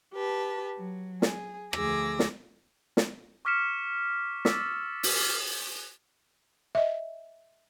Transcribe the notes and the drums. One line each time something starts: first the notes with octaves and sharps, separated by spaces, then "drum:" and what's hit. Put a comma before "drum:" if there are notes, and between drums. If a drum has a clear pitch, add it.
G4 B4 A5
F#3
G#4, drum: snare
D2 F3 G#4 D6 E6 A#6, drum: rim click
drum: snare
drum: snare
C#6 D6 F6 B6 C#7 E7
D6 E6 A6 B6, drum: snare
drum: open hi-hat
D#5 E5